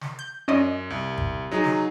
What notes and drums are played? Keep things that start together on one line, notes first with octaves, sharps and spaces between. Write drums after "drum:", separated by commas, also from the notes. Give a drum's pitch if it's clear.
drum: snare
G6
F#2 C#4 D5 D#5
C2
drum: kick G#1
F#3 D#4 G#4
drum: snare